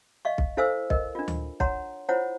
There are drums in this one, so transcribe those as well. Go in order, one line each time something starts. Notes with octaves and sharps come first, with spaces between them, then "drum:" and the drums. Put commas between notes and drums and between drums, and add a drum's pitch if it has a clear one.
D#5 F5 C#6
drum: kick B1
E4 A4 C5 F5 G#5 E6
A#4 D#5, drum: kick B1
D4 F4
drum: tom D2
C#5 F#5 A#5 C6, drum: kick B1
E4 F4 C5 C#5 F#5 A#5